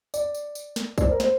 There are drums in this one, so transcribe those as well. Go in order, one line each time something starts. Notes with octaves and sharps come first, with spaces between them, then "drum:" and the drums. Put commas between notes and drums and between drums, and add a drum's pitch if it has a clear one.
D5, drum: tambourine
drum: tambourine
drum: tambourine
drum: snare
D5, drum: kick, tambourine
C5
A#4
C5, drum: snare